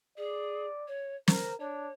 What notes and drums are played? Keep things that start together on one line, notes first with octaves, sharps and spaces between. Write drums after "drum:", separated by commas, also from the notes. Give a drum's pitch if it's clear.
G#4 D5
C#5
A#4 C5, drum: snare
D4 C#5